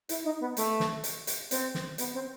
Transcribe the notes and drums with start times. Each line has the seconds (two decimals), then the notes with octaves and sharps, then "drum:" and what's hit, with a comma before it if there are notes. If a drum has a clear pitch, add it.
0.09 E4, drum: hi-hat
0.25 D#4
0.40 B3
0.57 A3, drum: hi-hat
0.80 drum: snare
1.04 drum: hi-hat
1.27 drum: hi-hat
1.51 C4, drum: hi-hat
1.75 drum: snare
1.98 B3, drum: hi-hat
2.14 C4